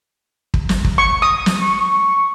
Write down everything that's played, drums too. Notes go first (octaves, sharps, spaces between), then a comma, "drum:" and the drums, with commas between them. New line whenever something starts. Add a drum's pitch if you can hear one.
drum: kick
drum: snare
drum: kick
C#6
D#6
drum: snare
C#6